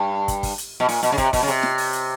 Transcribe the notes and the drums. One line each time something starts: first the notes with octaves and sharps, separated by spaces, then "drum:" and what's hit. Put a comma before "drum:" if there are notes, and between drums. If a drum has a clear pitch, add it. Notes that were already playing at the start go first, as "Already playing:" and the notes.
Already playing: G2
drum: kick, hi-hat
drum: kick, open hi-hat
drum: hi-hat
B2
A#2, drum: open hi-hat
B2, drum: hi-hat
C#3
C3, drum: kick, hi-hat
B2, drum: kick, open hi-hat
C#3
C3, drum: hi-hat
drum: snare
drum: open hi-hat
drum: hi-hat